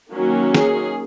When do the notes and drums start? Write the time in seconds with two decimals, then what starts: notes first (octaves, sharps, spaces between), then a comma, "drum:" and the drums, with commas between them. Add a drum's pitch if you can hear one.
0.12 D#3 F#3 A#3 C#4
0.55 G#4, drum: snare